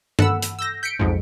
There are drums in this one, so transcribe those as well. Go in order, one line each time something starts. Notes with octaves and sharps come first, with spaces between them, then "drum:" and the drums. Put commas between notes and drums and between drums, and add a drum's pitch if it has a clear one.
A4 F#5 B5 E6, drum: tom G2
drum: hi-hat
E6 G6 A#6
G6 B6 C#7 D7
B1 F2 G#2